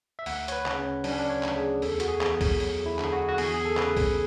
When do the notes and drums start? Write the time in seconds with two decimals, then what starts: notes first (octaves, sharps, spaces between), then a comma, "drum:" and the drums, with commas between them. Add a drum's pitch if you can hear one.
0.19 E5
0.26 D2 F#5, drum: open hi-hat
0.48 C#5, drum: hi-hat
0.52 B4
0.66 C#3, drum: clap
0.79 C#4
1.04 F#3 D4, drum: open hi-hat
1.12 C#4
1.19 D4
1.30 C#5
1.43 D2, drum: clap
1.56 G#4
1.82 E2 A4, drum: open hi-hat
1.91 G#4
2.00 F#4, drum: hi-hat
2.08 G#4
2.21 E2, drum: clap
2.41 drum: kick, open hi-hat
2.60 F#3, drum: open hi-hat
2.86 E4
2.99 D3, drum: clap
3.05 G#4
3.12 F#4
3.29 F#4
3.38 E2 G#4, drum: open hi-hat
3.54 G#4
3.65 A4
3.77 C#3 B4, drum: clap
3.97 drum: kick, open hi-hat